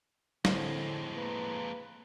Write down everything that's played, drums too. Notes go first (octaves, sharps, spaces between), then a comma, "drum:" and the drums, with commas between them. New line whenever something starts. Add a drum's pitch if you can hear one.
F2 A2 D3 G#3 C4, drum: snare
A#3 B4